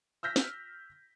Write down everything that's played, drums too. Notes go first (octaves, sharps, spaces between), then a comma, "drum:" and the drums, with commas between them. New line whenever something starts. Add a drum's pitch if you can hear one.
E6 F6 G6 A#6 B6
drum: snare